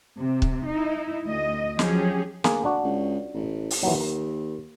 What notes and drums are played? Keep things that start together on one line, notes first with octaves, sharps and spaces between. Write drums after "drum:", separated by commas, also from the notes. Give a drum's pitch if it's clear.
C3
drum: kick C#1
D#4 E4
D2 D#5
F3 F#3 C#4 G4 G#4, drum: snare
D2 A#3 G#4, drum: snare
D4 F#4
C#2
A1
drum: open hi-hat
D#2 E3 F#3
A#4